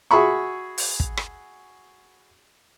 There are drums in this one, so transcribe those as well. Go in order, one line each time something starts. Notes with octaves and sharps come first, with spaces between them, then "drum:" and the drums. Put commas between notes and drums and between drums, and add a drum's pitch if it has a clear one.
F#4 G#4 E5 B5 C#6
drum: open hi-hat
drum: kick
drum: rim click